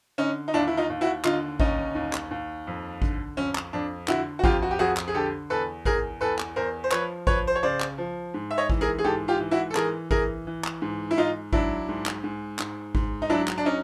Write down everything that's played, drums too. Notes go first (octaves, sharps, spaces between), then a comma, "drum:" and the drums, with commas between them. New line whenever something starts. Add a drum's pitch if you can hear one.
D3 C#4 D#4
D#4
D#2 D4 E4
E4
D#4 F4
D#2
E4 F#4
D3 D#4 F4, drum: clap
D#2 C#4 D#4, drum: kick G#1
D#2
drum: clap
D#2
F2
D3, drum: kick G#1
F2 C#4
drum: clap
F2 D4
D3 E4 F#4, drum: clap
F#4
F2 F4 G4, drum: kick G#1
F#4
G4
F2 F#4 G#4
drum: clap
G#4
D3 G4 A4
E2 A4 B4
E2 G#4 A#4, drum: kick G#1
E2 A4 B4
drum: clap
E2 A#4 C5
C5
F3 B4 C#5, drum: clap
F3 B4 C#5, drum: kick G#1
C5
C#5
C#3 C5 D5
drum: clap
F3
G#2
E5
C#5 D#5
E3, drum: kick G#1
G#4 A#4
G#4
G#2 G4 A4
F4 G4
E3
E4 F#4
A4
E3 G#4 A#4, drum: clap
E3 G#4 A#4, drum: kick G#1
E3
drum: clap
G#2
E4
G#2 D#4 F4
F#3 D4 E4, drum: kick G#1
G#2
drum: clap
G#2
G#2, drum: clap
G#2, drum: kick G#1
D#4
F#3 D4 E4
drum: clap
D4
C#4 D#4